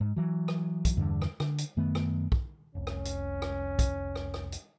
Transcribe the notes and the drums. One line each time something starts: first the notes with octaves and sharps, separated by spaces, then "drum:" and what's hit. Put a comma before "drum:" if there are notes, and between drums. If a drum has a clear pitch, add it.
G#2
E3 F#3
drum: rim click
drum: kick, hi-hat
E2 G2 D3
drum: rim click
D3, drum: rim click
drum: hi-hat
F#2 D#3 A3 B3
drum: rim click
drum: kick
F1 C2 C#4
drum: rim click
drum: hi-hat
drum: rim click
drum: kick, hi-hat
drum: rim click
drum: rim click
drum: hi-hat